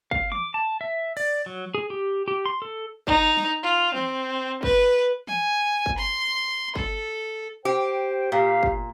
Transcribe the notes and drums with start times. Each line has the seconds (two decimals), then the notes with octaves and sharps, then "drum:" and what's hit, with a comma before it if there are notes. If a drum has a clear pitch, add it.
0.11 F5, drum: kick
0.32 D6, drum: tom E3
0.54 A5
0.81 E5
1.17 D5, drum: cymbal
1.46 F#3
1.75 G#4
1.90 G4
2.28 G4
2.46 C6
2.62 A4
3.07 D#4, drum: kick
3.37 drum: snare
3.63 F4
3.94 C4, drum: tom E3
4.63 B4, drum: kick
5.27 G#5, drum: tom E3
5.86 drum: kick
5.98 C6
6.75 A4, drum: kick
7.65 G4 C5 G5
8.32 A#2 G4 F5
8.63 drum: kick